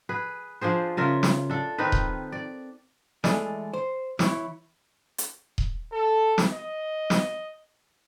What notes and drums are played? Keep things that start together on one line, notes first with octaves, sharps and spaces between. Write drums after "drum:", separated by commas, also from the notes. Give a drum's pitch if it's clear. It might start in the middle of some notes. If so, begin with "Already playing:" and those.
G#4 B4
F3 D4 G#4 C5
C#3 F4 A#4 E5
drum: snare
D4 A4
D#3 C4 D#4 B4
drum: kick D#1
D5
E3 G#3 A3 D5 D#5, drum: snare
C5
E3 E4 C#5, drum: snare
drum: hi-hat
drum: kick D#1
A4
drum: snare
D#5
drum: snare